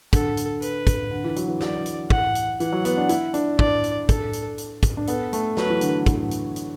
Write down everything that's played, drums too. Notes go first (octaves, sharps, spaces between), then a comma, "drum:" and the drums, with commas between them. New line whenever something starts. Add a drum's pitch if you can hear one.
D3 A4, drum: kick, hi-hat
drum: hi-hat
B4, drum: hi-hat
drum: kick, hi-hat
D3
E3
F#3, drum: hi-hat
E3
D5, drum: snare
drum: hi-hat
F#5, drum: kick
drum: hi-hat
E3 F#5, drum: hi-hat
F#3
B3, drum: hi-hat
D4
E4, drum: hi-hat
D4, drum: hi-hat
D4 D5, drum: kick
drum: hi-hat
A4, drum: kick, hi-hat
drum: hi-hat
drum: hi-hat
drum: kick, hi-hat
D4
B3 A4, drum: hi-hat
A3, drum: hi-hat
F#3 B4, drum: snare
E3
D3, drum: hi-hat
drum: kick, hi-hat
drum: hi-hat
drum: hi-hat